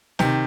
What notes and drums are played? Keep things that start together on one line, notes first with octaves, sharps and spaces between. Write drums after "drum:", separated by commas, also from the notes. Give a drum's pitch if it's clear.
C3 D#3, drum: snare